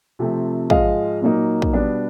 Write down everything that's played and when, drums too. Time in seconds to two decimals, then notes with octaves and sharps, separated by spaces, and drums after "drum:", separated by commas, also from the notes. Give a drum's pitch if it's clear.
0.19 C3 F3 A3 C4
0.70 G#2 F3 G#3 D#5 F5, drum: kick
1.22 A#2 F#3 A#3 D#4
1.62 drum: kick
1.73 B2 G3 B3 D4